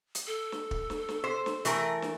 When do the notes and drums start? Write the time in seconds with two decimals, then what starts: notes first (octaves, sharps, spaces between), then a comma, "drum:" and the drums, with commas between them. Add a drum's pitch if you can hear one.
0.15 drum: hi-hat
0.27 A4
0.52 drum: snare
0.71 drum: kick
0.90 drum: snare
1.09 drum: snare
1.24 C5
1.46 drum: snare
1.65 E3 A3 A#4, drum: hi-hat
2.02 drum: snare